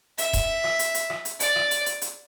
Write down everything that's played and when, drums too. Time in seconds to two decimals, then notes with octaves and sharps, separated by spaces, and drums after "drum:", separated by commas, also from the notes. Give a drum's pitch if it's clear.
0.18 E5, drum: hi-hat
0.33 drum: kick D#1, hi-hat
0.64 drum: rim click
0.79 drum: hi-hat
0.94 drum: hi-hat
1.10 drum: rim click
1.25 drum: hi-hat
1.40 D5, drum: hi-hat
1.56 drum: rim click
1.71 drum: hi-hat
1.86 drum: hi-hat
2.01 drum: hi-hat